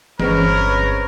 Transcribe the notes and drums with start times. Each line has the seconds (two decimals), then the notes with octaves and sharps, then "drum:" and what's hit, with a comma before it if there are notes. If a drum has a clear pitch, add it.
0.20 G1 G#3 C4 C#4 A#4 B4 C#5, drum: tom E3